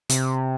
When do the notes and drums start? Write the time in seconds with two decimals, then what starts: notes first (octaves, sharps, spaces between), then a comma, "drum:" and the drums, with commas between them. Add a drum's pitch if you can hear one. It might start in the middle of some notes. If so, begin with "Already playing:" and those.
0.10 C3, drum: hi-hat